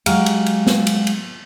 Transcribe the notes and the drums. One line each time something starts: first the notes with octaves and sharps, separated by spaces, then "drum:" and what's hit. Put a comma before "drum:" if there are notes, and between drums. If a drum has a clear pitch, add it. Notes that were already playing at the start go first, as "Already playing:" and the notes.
F#3 G#3 G4 F5, drum: cymbal
drum: cymbal
drum: cymbal
drum: snare
drum: cymbal
drum: cymbal